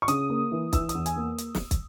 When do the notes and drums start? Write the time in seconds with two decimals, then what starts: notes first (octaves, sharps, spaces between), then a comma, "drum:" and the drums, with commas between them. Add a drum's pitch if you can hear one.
0.02 C#6
0.08 C#3 D#6, drum: hi-hat
0.30 A#3
0.52 E3
0.73 E3 E6, drum: kick, hi-hat
0.89 D#6, drum: hi-hat
0.95 E2
1.06 G#5, drum: hi-hat
1.16 A#3
1.38 drum: hi-hat
1.55 drum: snare
1.71 drum: kick, hi-hat